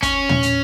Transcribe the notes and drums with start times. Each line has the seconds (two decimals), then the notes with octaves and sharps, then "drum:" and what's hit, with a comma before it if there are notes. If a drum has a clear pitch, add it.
0.03 C#4, drum: kick, hi-hat
0.29 drum: tom
0.43 drum: hi-hat